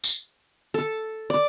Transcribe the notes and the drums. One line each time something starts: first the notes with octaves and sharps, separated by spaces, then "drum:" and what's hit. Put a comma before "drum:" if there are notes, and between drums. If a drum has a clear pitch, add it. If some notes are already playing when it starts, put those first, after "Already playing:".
drum: tambourine
A4
D5